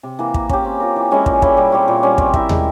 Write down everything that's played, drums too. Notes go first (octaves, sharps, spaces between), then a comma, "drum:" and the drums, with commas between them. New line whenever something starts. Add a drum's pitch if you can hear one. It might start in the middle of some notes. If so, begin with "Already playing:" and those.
C3
E3 A#3
A#3, drum: kick
C#4 G4, drum: kick
C4
F4 A#4
E3
G#3 C#4 E4
A#2, drum: kick
G3 C#4 E4, drum: kick
G3
C4 G4 C#5
A#2
G3 C#4 G4
C4, drum: kick
E4 A#4 E5, drum: kick
G#3, drum: tom